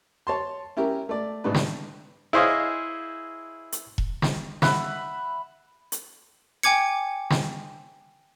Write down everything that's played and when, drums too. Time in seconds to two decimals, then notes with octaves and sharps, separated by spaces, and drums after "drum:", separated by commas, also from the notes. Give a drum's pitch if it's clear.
0.27 C#5 A5 C6
0.77 C#4 E4 G4 A#4
1.09 A3 D5
1.44 G#1 A2 C3 D4 B4
1.54 drum: snare
2.33 E4 G#4 C5 C#5 D#5 F5
3.72 drum: hi-hat
3.98 drum: kick E1
4.22 drum: snare
4.62 E5 F#5 B5, drum: snare
5.92 drum: hi-hat
6.63 G5 G#5 D6 G#6 C#7
7.30 drum: snare